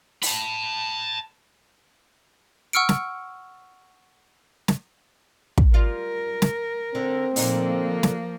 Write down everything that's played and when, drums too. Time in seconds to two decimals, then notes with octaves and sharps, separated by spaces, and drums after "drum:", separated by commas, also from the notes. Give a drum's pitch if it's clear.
0.22 A5 B5, drum: open hi-hat
2.73 F#5 C#6 E6 F6 C#7 D7
2.89 drum: snare
4.68 drum: snare
5.58 drum: kick
5.74 G3 F4 A#4
6.42 drum: snare
6.95 D3 C4
7.36 A#2 D3 F3 A#3 D#4, drum: open hi-hat
8.03 drum: snare